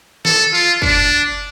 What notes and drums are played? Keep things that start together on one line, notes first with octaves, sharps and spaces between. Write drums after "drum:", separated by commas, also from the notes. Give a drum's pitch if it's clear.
A4, drum: snare
F4
D4, drum: kick